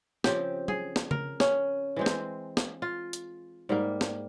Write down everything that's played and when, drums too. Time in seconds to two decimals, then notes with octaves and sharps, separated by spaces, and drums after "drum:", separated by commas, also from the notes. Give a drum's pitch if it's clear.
0.24 C#3 F3 C4 G4, drum: snare
0.68 G#4, drum: tom F#3
0.96 drum: snare
1.11 A#4, drum: tom C#3
1.40 C#4, drum: snare
1.96 E3 G#3 C4
2.06 drum: snare
2.57 drum: snare
2.82 F4
3.13 drum: hi-hat
3.69 G#2 G3 A#3
4.01 drum: snare